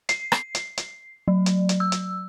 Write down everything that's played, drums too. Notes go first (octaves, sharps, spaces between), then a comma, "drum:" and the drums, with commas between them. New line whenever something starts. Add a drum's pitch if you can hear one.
C7, drum: hi-hat
drum: rim click
drum: hi-hat
drum: hi-hat
F#3
drum: hi-hat
drum: hi-hat
E6
drum: hi-hat